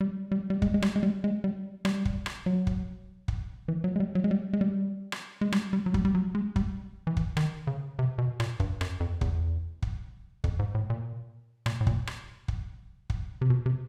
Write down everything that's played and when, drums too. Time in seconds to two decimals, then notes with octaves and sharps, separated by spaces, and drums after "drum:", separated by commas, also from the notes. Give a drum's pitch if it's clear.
0.01 G3
0.32 G3
0.50 G3
0.62 G#3, drum: kick
0.74 G#3
0.82 G3, drum: rim click
0.96 G#3
1.03 G3
1.24 G#3
1.44 G3
1.85 G3, drum: rim click
2.05 drum: kick
2.26 drum: rim click
2.46 F#3
2.67 drum: kick
3.28 drum: kick
3.68 E3
3.84 F#3
3.96 G#3
4.00 G3
4.15 F#3
4.24 G#3
4.31 G3
4.53 G#3
4.61 G3
5.12 drum: rim click
5.41 G#3
5.52 G3, drum: rim click
5.73 G3
5.86 F#3
5.94 G3, drum: kick
6.05 G3
6.15 F#3
6.35 G#3
6.56 G3, drum: kick
7.07 E3
7.17 drum: kick
7.37 D#3, drum: rim click
7.67 C#3
7.99 C3
8.18 B2
8.40 A#2, drum: rim click
8.60 G2, drum: kick
8.81 F#2, drum: rim click
9.00 F2
9.21 E2, drum: kick
9.82 drum: kick
10.44 F2, drum: kick
10.59 G#2
10.75 A2
10.90 A#2
11.66 A#2, drum: rim click
11.81 A2
11.87 A#2, drum: kick
12.07 drum: rim click
12.48 drum: kick
13.10 drum: kick
13.41 C3
13.50 B2
13.66 C3